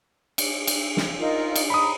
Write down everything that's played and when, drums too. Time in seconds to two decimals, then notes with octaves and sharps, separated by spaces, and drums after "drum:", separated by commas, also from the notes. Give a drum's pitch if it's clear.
0.38 drum: cymbal
0.67 drum: cymbal
0.97 drum: snare
1.19 D#4 F4 A#4
1.56 drum: cymbal
1.70 D#4 A#5 B5 D#6